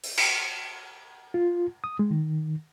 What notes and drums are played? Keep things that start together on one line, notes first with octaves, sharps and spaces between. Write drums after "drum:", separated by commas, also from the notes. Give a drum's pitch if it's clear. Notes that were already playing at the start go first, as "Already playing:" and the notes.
drum: open hi-hat
drum: cymbal
F4
D#6
G#3
D#3